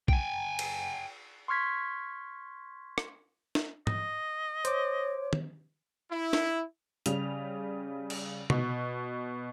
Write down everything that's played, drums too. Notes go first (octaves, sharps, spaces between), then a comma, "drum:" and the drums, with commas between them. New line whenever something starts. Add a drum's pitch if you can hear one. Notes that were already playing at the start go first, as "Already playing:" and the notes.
G5 G#5, drum: kick A#1
drum: cymbal
C6 C#6 F6 G#6 B6
drum: rim click
drum: snare
D#5, drum: tom G#2
C5 C#5 D6, drum: hi-hat
drum: tom
E4
drum: snare
C#3 G3 F7, drum: hi-hat
drum: cymbal
B2, drum: tom C3